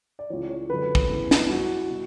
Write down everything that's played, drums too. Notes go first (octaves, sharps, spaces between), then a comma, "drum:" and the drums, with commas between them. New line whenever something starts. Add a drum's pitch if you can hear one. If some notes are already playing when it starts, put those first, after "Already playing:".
D5
C#2 C#3 E3 C#5
C#5
F#2 D3 B4
drum: kick
E2 C#3 E3
drum: snare
G2 E3 F#4
B2